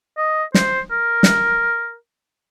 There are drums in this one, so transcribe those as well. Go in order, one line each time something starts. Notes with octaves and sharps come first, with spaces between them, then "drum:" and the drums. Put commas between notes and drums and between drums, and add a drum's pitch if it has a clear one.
D#5
C5, drum: snare
A#4
drum: snare